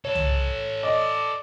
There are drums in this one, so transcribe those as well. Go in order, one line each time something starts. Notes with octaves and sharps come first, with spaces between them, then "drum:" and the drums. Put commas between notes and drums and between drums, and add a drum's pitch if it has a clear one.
A4 B4 C#5
drum: tom C2
D5 D#5